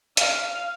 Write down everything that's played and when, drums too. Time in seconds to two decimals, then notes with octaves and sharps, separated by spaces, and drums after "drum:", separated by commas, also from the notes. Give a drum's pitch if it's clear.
0.17 F5, drum: hi-hat